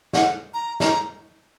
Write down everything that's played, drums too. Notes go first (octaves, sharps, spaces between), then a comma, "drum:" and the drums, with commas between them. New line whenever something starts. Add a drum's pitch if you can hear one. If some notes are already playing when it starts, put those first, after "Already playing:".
F#5, drum: snare
A#5
A#5, drum: snare